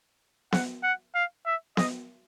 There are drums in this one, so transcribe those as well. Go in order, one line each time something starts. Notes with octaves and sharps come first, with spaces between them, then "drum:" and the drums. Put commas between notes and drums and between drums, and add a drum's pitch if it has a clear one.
F#5, drum: snare B3
F#5
F5
E5
D#5, drum: snare B3